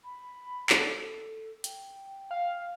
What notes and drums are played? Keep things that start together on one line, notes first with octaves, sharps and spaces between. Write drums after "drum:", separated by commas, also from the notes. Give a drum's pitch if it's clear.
B5
A4, drum: clap
A4
G5, drum: hi-hat
F5